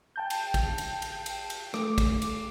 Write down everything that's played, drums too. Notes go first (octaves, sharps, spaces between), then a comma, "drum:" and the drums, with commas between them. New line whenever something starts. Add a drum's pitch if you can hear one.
G5 A5 G6
drum: cymbal
drum: kick, cymbal
drum: cymbal
drum: cymbal
drum: cymbal
drum: cymbal
A3 D6, drum: rim click
drum: kick, cymbal
drum: cymbal